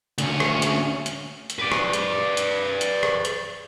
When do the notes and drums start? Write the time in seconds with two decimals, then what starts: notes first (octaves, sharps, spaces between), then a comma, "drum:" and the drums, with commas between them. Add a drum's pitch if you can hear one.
0.18 D2 C#4, drum: hi-hat
0.40 drum: rim click
0.62 drum: hi-hat
1.06 drum: hi-hat
1.50 drum: hi-hat
1.59 B4 D5
1.72 drum: rim click
1.93 drum: hi-hat
2.37 drum: hi-hat
2.81 drum: hi-hat
3.03 drum: rim click
3.25 drum: hi-hat